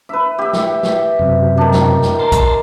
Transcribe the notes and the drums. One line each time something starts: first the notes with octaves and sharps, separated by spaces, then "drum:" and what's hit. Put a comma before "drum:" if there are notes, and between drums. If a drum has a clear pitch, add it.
B4 E5
G4 E5
drum: snare
drum: snare
F#2 C3
D#3 D4
drum: snare
drum: snare
A#4 A5 A#5 C6
drum: kick A#1, hi-hat